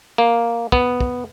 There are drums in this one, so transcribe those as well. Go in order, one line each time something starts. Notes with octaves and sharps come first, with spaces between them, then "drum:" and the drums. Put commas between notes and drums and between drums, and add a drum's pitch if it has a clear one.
A#3
B3, drum: kick
drum: kick